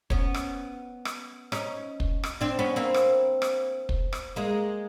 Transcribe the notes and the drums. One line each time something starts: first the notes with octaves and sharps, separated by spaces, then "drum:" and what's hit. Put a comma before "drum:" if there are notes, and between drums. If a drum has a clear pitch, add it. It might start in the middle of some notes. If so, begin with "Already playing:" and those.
B3 C#4, drum: kick
drum: rim click
drum: rim click
C#4 D#4, drum: rim click
drum: kick
drum: rim click
C4 D4
B3 C#4
A#3 C4
drum: rim click
drum: rim click
drum: kick
drum: rim click
G#3 A#3